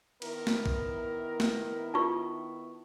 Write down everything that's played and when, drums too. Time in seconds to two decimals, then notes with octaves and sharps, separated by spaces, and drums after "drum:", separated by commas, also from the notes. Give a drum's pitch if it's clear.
0.22 D#3 B3 E4 A#4, drum: cymbal
0.47 drum: snare
0.66 drum: kick
1.40 drum: snare
1.94 D#4 F4 B4 A5 C#6